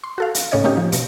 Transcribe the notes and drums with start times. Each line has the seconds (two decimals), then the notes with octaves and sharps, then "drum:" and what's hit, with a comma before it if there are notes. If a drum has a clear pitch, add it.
0.04 C6
0.18 F#4 A4 F5
0.35 drum: hi-hat
0.51 A2 C#3 C#4 C#5 D#5 G#6
0.64 A3 A#3 C#4 D#4 G4
0.77 F3
0.92 B2 C#7, drum: hi-hat